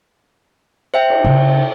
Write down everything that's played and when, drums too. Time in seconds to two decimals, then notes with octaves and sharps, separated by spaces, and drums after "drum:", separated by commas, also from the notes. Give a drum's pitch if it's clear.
0.94 C5 E5 G5
1.10 drum: cymbal
1.25 C#3